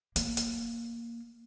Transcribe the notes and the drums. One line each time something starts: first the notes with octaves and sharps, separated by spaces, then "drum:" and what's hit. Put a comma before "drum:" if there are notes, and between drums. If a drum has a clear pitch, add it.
A#3, drum: hi-hat
drum: hi-hat